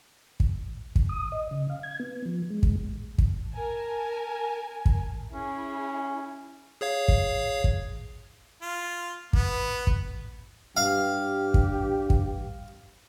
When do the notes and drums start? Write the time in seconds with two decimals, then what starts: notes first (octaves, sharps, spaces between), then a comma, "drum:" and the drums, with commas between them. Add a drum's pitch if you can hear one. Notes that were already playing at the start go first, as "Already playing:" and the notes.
0.40 drum: kick
0.96 drum: kick
1.09 D#6
1.32 D#5
1.51 C#3
1.70 F5
1.83 G#6
2.00 B3
2.26 F3
2.50 G#3
2.63 drum: kick
3.18 drum: kick
3.53 A#4 G#5 A5
4.86 drum: kick
5.33 C#4 E4 G#4
6.81 G#4 C#5 F5
7.08 drum: kick
7.64 drum: kick
8.62 F4
9.33 B3, drum: kick
9.87 drum: kick
10.77 G2 G4 F5
11.54 drum: kick
12.10 drum: kick